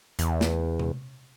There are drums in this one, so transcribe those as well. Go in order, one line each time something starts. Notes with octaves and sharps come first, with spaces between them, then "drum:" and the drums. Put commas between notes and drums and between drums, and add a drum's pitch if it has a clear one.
E2, drum: hi-hat
drum: snare
drum: tom C3